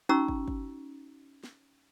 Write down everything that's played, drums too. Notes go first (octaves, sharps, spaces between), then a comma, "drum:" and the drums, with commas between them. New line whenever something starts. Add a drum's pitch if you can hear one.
C#4 D#4 F#4 A#5 C#6 E6
drum: kick
drum: kick
drum: snare